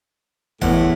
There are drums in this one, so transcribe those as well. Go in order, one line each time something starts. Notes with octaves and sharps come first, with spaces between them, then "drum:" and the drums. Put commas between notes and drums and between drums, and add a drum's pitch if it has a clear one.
E2 A2 F#5, drum: kick